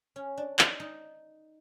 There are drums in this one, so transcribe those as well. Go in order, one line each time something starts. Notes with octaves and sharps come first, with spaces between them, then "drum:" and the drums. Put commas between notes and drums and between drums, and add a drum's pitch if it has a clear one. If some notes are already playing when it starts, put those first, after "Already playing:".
C#4
D4
D#4, drum: clap
D#4